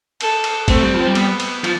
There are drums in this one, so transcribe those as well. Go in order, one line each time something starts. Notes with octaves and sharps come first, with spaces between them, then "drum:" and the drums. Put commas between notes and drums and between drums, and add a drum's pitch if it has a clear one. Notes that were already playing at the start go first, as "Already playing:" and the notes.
A4, drum: cymbal
drum: cymbal
A3 C4, drum: kick, cymbal
G3
F3
G3
B3, drum: cymbal
drum: cymbal
F3, drum: cymbal